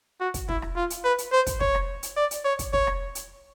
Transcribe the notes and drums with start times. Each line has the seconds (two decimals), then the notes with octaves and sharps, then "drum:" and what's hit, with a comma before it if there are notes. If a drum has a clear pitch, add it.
0.20 F#4
0.34 drum: kick, hi-hat
0.49 E4, drum: kick
0.62 drum: rim click
0.76 F4
0.90 drum: hi-hat
1.04 B4
1.18 drum: hi-hat
1.32 C5
1.47 drum: kick, hi-hat
1.60 C#5, drum: kick
1.75 drum: rim click
2.03 drum: hi-hat
2.17 D5
2.31 drum: hi-hat
2.45 C#5
2.59 drum: kick, hi-hat
2.73 C#5, drum: kick
2.87 drum: rim click
3.15 drum: hi-hat